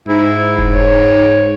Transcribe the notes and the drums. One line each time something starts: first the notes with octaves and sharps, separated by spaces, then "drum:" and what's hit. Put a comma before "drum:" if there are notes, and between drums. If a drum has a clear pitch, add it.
G#2 E4
drum: kick F1
C#5